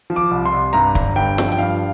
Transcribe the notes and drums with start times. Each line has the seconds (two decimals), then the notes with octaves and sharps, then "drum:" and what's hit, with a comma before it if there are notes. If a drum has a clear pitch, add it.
0.10 F3
0.16 D6
0.31 C2
0.46 C6
0.53 C2
0.73 G2 A#5
0.95 G1, drum: kick
1.16 G2 G5
1.38 F3, drum: snare
1.52 G5
1.58 G2 F5